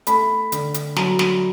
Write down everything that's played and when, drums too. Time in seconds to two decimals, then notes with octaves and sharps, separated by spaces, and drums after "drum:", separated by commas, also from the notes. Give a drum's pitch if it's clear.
0.07 A3 B5, drum: hi-hat
0.52 D3, drum: hi-hat
0.74 drum: hi-hat
0.96 F#3 A#5, drum: snare
1.19 drum: snare